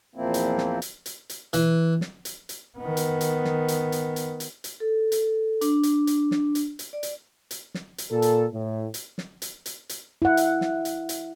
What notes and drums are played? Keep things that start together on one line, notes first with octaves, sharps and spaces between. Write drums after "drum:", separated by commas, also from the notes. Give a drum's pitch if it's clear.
E2 A#2 F3 A#3 C4 E4
drum: hi-hat
drum: snare
drum: hi-hat
drum: hi-hat
drum: hi-hat
E3, drum: hi-hat
drum: snare
drum: hi-hat
drum: hi-hat
D#3 B3
drum: hi-hat
drum: hi-hat
drum: snare
drum: hi-hat
drum: hi-hat
drum: hi-hat
drum: hi-hat
drum: hi-hat
A4
drum: hi-hat
D4, drum: hi-hat
drum: hi-hat
drum: hi-hat
drum: snare
drum: hi-hat
drum: hi-hat
D5
drum: hi-hat
drum: hi-hat
drum: snare
drum: hi-hat
A#2 A4
drum: hi-hat
A2
drum: hi-hat
drum: snare
drum: hi-hat
drum: hi-hat
drum: hi-hat
E4 F#5
drum: hi-hat
drum: snare
drum: hi-hat
drum: hi-hat